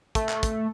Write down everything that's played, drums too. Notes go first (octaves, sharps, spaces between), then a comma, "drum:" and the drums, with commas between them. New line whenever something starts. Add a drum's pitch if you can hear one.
A3, drum: kick, hi-hat
drum: clap
drum: kick, hi-hat